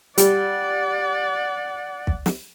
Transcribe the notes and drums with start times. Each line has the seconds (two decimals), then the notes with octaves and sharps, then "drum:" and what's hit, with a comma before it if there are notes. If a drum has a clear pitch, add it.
0.18 G3 D5 F#5, drum: hi-hat
2.07 drum: kick
2.26 drum: snare